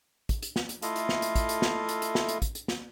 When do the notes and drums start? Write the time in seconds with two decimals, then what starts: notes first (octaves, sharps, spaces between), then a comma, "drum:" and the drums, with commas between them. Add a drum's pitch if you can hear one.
0.29 drum: kick, hi-hat
0.42 drum: hi-hat
0.56 drum: snare
0.69 drum: hi-hat
0.82 A3 E4 F4 A4 D#5 F5, drum: hi-hat
0.96 drum: hi-hat
1.09 drum: snare
1.22 drum: hi-hat
1.35 drum: kick, hi-hat
1.49 drum: hi-hat
1.62 drum: snare
1.89 drum: hi-hat
2.02 drum: hi-hat
2.15 drum: snare
2.28 drum: hi-hat
2.42 drum: kick, hi-hat
2.55 drum: hi-hat
2.68 drum: snare